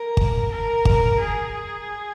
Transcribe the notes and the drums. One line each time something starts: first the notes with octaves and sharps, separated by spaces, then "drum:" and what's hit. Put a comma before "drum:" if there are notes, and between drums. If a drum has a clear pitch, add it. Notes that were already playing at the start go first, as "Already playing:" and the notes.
Already playing: A#4
drum: kick
A#4
drum: kick
G#4